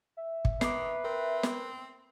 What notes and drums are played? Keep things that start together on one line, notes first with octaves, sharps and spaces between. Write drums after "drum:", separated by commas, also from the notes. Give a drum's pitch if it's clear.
E5
drum: kick
D#3 B4 D6 C7, drum: snare
C4 A#4
drum: snare